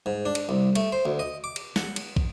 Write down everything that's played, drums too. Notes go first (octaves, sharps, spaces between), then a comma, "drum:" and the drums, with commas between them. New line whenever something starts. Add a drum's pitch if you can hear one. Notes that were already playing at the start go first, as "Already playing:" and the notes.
G#2
D4
drum: cymbal
C2
A3, drum: cymbal
C5
D2
D#5
D6
drum: cymbal
F#5, drum: snare
drum: cymbal
drum: kick